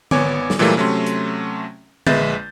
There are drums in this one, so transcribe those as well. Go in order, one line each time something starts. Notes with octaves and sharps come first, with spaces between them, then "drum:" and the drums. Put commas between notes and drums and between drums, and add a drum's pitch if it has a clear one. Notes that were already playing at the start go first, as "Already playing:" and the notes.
G#1 B3 C#5 G#5 D6, drum: tom D3
drum: snare
A#2 E3 F#3 G3 A3 A#3
C3 F#3 A3 C#4 C6
drum: hi-hat
A#1 G#3 B4 E5 G6 A6, drum: tom D3